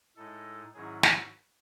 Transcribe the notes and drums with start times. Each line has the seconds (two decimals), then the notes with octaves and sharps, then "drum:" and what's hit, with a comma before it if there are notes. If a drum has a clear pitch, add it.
0.16 A2 G#3 D#4 A4
0.74 G#2 D#3 F#3 C#4 E4 G#4
1.03 F#4, drum: snare